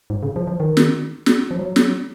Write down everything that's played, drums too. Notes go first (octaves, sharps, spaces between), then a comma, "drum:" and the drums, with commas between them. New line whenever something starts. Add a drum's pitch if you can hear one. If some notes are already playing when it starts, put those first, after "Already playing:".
G#2
C#3
F3
F3
D#3
drum: snare
drum: snare
F3
F#3
drum: snare